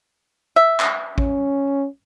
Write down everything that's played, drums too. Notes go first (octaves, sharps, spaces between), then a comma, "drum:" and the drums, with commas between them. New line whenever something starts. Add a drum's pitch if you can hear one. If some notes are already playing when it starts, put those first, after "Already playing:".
E5
drum: clap
C#4, drum: kick A1